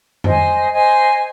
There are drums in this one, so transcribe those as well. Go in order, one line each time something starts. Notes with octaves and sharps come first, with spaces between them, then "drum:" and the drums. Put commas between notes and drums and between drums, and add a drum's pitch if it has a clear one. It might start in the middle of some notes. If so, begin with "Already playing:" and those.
C5 D#5 G#5, drum: tom F2
C5 D#5 G#5